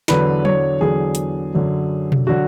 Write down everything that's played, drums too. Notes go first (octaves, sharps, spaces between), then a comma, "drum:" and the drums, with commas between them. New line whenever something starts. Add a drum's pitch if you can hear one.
E2 D3 F#3 B4, drum: snare
C#5, drum: tom F#3
E2 D3 F#3 G#4
drum: hi-hat
F#2 D3 F#3
drum: tom B2
D3 F#3 F#4